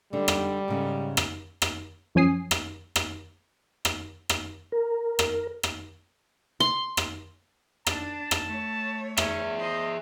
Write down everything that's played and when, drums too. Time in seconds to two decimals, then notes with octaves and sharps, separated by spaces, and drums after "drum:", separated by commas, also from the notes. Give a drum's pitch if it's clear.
0.13 D3 G3 G#3 D4
0.28 drum: rim click
0.68 G#2 C#3 A4
1.17 drum: rim click
1.62 drum: rim click
2.15 F#2 F3 C#4 G#5 D#6 C7
2.51 drum: rim click
2.96 drum: rim click
3.85 drum: rim click
4.29 drum: rim click
4.72 A#4
5.19 drum: rim click
5.63 drum: rim click
6.60 C6
6.97 drum: rim click
7.87 D4 A5, drum: rim click
8.31 drum: rim click
8.46 A3 C#5
9.17 C#4 G#4 E5, drum: rim click
9.59 C5 D#5